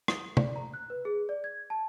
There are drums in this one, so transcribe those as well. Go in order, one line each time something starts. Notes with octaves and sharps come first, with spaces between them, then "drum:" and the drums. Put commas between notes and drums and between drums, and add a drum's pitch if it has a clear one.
D#6, drum: rim click
D5, drum: tom
A#5
F#6
B4
G#4
D5
G#6
A5